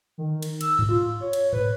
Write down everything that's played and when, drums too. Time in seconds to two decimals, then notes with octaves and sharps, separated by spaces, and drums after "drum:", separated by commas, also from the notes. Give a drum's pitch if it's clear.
0.18 D#3
0.43 drum: cymbal
0.61 E6, drum: cymbal
0.79 drum: tom G2
0.89 F4
1.21 C#5
1.33 drum: cymbal
1.53 B4, drum: tom G#2